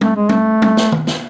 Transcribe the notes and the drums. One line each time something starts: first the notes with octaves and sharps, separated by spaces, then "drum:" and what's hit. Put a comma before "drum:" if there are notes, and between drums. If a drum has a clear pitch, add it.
A3, drum: tom
G#3
A3, drum: tom
drum: tom
drum: snare
drum: tom D#3
drum: snare